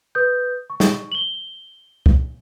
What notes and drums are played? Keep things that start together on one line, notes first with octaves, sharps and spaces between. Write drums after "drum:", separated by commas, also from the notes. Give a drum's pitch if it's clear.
B4 D#6 G6
C#6
drum: snare
F#7 G7
drum: kick